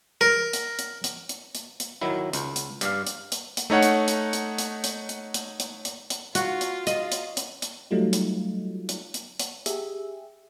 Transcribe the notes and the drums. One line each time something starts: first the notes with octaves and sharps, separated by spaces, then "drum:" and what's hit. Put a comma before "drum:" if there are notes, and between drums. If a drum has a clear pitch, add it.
A#4
drum: hi-hat
drum: hi-hat
drum: hi-hat
drum: hi-hat
drum: hi-hat
drum: hi-hat
D#3 F#3 E4
C#2, drum: hi-hat
drum: hi-hat
G2 D5 F5, drum: hi-hat
drum: hi-hat
drum: hi-hat
drum: hi-hat
A3 D#4 C#5 F#5
drum: hi-hat
drum: hi-hat
drum: hi-hat
drum: hi-hat
drum: hi-hat
drum: hi-hat
drum: hi-hat
drum: hi-hat
drum: hi-hat
drum: hi-hat
F4 F#4, drum: hi-hat
drum: hi-hat
D#5, drum: hi-hat
drum: hi-hat
drum: hi-hat
drum: hi-hat
F#3 G3 A3 D#4 F4
drum: hi-hat
drum: hi-hat
drum: hi-hat
drum: hi-hat
G4 G#4 E5, drum: hi-hat